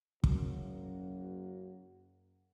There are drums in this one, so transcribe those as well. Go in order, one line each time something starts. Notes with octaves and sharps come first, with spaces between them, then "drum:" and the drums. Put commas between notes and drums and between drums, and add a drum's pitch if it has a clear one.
F#1 F#2 A#3 F#4, drum: kick